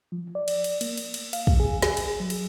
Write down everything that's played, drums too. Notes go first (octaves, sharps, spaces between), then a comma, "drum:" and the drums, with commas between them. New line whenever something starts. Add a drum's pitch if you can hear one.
F3
D5
drum: cymbal
drum: cymbal
A#3, drum: cymbal
drum: cymbal
drum: cymbal
F5, drum: cymbal
drum: kick
G#4
G#4, drum: snare
drum: cymbal
F#3
drum: cymbal